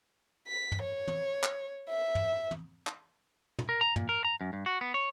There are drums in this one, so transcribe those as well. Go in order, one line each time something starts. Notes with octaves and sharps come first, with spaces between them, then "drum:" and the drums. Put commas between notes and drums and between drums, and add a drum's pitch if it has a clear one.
B6
drum: tom
C#5
drum: tom
drum: clap
E5
drum: tom
drum: tom
drum: clap
drum: tom
A#4
A#5
A#2, drum: tom
A#4
A#5
F#2
G2
F#4
B3
C#5